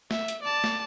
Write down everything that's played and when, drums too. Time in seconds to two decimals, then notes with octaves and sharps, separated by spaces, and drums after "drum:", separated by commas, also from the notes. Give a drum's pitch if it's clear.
0.11 E5, drum: snare
0.28 drum: hi-hat
0.43 D5 A5
0.64 drum: snare